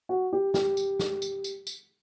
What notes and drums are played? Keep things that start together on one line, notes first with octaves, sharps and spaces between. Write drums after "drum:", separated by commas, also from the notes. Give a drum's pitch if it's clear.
F#4
G4
G4, drum: snare
drum: tambourine
drum: snare
drum: tambourine
drum: tambourine
drum: tambourine